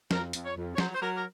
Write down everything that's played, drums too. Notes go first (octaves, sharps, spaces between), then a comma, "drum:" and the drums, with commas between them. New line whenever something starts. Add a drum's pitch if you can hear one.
F2 A#4, drum: snare
F2, drum: hi-hat
C#5
F2
C#5
F#3 C5, drum: snare
C5
F#3 A#4
A#4